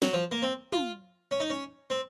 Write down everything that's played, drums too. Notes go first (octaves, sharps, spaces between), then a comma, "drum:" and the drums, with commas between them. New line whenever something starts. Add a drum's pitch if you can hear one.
F#3, drum: snare
F3
A#3
C4
F4, drum: tom
C#4
D#4
C#4
C4